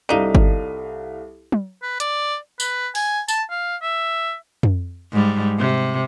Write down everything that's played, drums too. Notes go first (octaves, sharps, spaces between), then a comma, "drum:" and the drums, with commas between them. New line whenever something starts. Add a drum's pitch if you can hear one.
C2 D4 D#4 A4 F5 D#7
drum: kick G1
drum: tom
B4
D5, drum: hi-hat
B4, drum: tambourine
G#5, drum: open hi-hat
A5, drum: tambourine
F5
E5
drum: tom
G#2 G3
C3